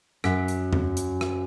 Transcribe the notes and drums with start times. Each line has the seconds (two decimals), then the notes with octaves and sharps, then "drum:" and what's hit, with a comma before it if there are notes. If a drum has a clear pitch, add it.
0.24 F#2 B6, drum: rim click
0.48 drum: hi-hat
0.73 drum: tom E2
0.97 drum: hi-hat
1.21 drum: rim click